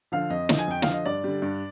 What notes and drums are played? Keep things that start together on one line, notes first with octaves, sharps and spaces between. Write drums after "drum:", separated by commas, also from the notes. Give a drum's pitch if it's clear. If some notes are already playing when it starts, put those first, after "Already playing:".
D3 F3 F5
F2 D#5
D3 F3, drum: snare
G#5
F2 G5
D3 F3 F5, drum: snare
D#5
G2 D5
D3 G3
G2